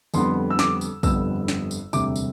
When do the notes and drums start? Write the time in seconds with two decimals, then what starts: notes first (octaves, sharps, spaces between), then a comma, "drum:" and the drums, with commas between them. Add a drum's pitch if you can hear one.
0.14 F2 D3 G3 B3 C6, drum: tambourine
0.50 E6
0.59 D6, drum: snare
0.81 drum: tambourine
1.03 G1 F2 D3 G3 B3 E6, drum: kick, tambourine
1.48 drum: snare
1.71 drum: tambourine
1.93 E1 D2 C3 G3 D6, drum: tambourine
2.16 drum: tambourine